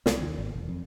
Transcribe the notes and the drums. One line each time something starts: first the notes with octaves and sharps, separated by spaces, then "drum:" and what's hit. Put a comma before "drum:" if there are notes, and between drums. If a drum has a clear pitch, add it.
C2, drum: snare
D#2
G#1
E1
F2